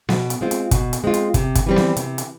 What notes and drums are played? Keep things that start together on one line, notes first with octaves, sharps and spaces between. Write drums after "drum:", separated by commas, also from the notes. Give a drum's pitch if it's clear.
B2, drum: snare B3
drum: hi-hat
G#3 C4 F4
drum: hi-hat
B2, drum: kick, hi-hat
drum: hi-hat
G#3 C4 F4
drum: hi-hat
C3, drum: kick, hi-hat
drum: kick, hi-hat
E3 G3 C4
drum: snare B3
C3, drum: hi-hat
drum: hi-hat